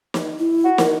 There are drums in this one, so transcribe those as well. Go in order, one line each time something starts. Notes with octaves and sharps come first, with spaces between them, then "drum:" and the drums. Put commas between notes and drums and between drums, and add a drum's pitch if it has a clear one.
drum: snare
E4
F#4
A#4, drum: snare